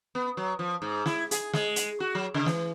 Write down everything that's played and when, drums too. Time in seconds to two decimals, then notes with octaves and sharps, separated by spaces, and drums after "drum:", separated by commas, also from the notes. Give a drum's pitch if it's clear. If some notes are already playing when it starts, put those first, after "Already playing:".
0.15 B3
0.37 F#3
0.59 F3
0.82 G#2
1.06 E4, drum: snare
1.31 G#4, drum: hi-hat
1.53 G#3, drum: snare
1.76 drum: hi-hat
2.00 F#4
2.15 F#3
2.34 C#3
2.46 E3, drum: snare